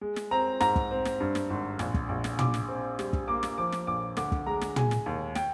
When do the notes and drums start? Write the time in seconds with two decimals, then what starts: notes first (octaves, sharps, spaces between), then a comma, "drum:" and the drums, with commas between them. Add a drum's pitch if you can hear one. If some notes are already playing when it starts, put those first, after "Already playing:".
0.01 G#3
0.16 drum: snare
0.31 C4 A#5
0.60 G#2 A#5, drum: snare
0.76 drum: kick
0.91 C4
1.05 drum: snare
1.20 G2
1.35 drum: snare
1.50 G#1
1.79 A#1, drum: snare
1.94 drum: kick
2.09 A#1
2.24 drum: snare
2.39 A#1 D6, drum: tom
2.54 drum: snare
2.69 C4
2.99 G3, drum: snare
3.13 drum: kick
3.28 A#3 D6
3.43 drum: snare
3.58 F3 D6
3.72 drum: snare
3.87 A#1 D6
4.17 D2 D6, drum: snare
4.32 drum: kick
4.46 G#3 A#5
4.61 drum: snare
4.76 G#3 G#5, drum: tom
4.91 drum: snare
5.06 D#2
5.35 G5, drum: snare